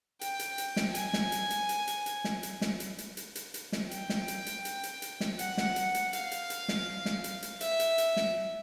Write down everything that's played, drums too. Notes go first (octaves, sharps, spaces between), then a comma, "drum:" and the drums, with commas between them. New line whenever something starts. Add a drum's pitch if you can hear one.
G5, drum: hi-hat
drum: hi-hat
drum: hi-hat
drum: snare
G#5, drum: hi-hat
drum: snare
drum: hi-hat
drum: hi-hat
drum: hi-hat
drum: hi-hat
drum: hi-hat
drum: snare
drum: hi-hat
drum: snare
drum: hi-hat
drum: hi-hat
drum: hi-hat
drum: hi-hat
drum: hi-hat
drum: snare
G5, drum: hi-hat
drum: snare
drum: hi-hat
drum: hi-hat
drum: hi-hat
drum: hi-hat
drum: hi-hat
drum: snare
F#5, drum: hi-hat
drum: snare
drum: hi-hat
drum: hi-hat
F5, drum: hi-hat
drum: hi-hat
drum: hi-hat
drum: snare
drum: snare
drum: hi-hat
drum: hi-hat
E5, drum: hi-hat
drum: hi-hat
drum: hi-hat
drum: snare